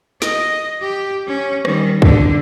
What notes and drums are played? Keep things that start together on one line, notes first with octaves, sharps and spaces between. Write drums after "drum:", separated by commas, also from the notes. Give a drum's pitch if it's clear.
D#5, drum: snare
G4
C#4
D#3 G3, drum: rim click
D3, drum: kick